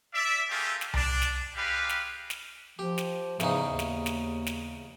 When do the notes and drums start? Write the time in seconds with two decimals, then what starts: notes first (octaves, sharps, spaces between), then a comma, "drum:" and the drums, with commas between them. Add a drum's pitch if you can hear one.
0.14 D5 E5
0.50 A3 F4 G4 G#4 A#4
0.81 drum: snare
0.94 D4 D5, drum: tom C2
1.22 drum: snare
1.55 G3 G#3 G4 B4 F5
1.89 drum: snare
2.30 drum: snare
2.79 F3 G4
2.98 drum: snare
3.40 E2 G#2 C#3 D#4, drum: snare
3.65 D#2
3.79 drum: snare
4.06 drum: snare
4.46 drum: snare